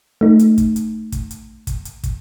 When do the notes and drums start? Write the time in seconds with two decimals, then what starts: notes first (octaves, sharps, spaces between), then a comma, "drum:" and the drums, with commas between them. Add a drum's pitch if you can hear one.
0.21 A3 D#4
0.39 drum: hi-hat
0.58 drum: kick, hi-hat
0.76 drum: hi-hat
1.12 drum: kick, hi-hat
1.31 drum: hi-hat
1.67 drum: kick, hi-hat
1.85 drum: hi-hat
2.04 drum: kick, hi-hat